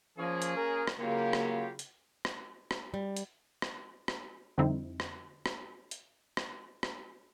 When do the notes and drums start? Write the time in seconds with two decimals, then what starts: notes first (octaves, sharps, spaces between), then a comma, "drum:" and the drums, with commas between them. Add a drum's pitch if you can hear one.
0.18 F3 A#3 C#4 G#4
0.42 drum: hi-hat
0.56 A#4
0.87 drum: rim click
0.99 C#3 F#3 A#3 F4 G4
1.33 drum: rim click
1.79 drum: hi-hat
2.25 drum: rim click
2.71 drum: rim click
2.94 G3
3.17 drum: hi-hat
3.62 drum: rim click
4.08 drum: rim click
4.58 F2 D3 G3 C4 D#4 E4
5.00 drum: rim click
5.46 drum: rim click
5.91 drum: hi-hat
6.37 drum: rim click
6.83 drum: rim click